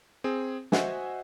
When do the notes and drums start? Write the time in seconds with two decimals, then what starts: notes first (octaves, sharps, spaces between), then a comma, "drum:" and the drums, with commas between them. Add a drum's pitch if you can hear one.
0.24 C4 G#4
0.72 F#4 C5 D#5 E5 F#5 G#5, drum: snare